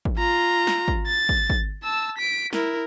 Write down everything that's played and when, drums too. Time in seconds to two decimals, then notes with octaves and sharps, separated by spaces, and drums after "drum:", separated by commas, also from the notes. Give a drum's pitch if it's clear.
0.05 drum: kick
0.18 F4 A#5
0.67 drum: snare
0.88 drum: kick
1.07 A6
1.29 drum: kick
1.50 drum: kick
1.84 A5 E6
2.17 B6 D7
2.53 E4 A#4, drum: snare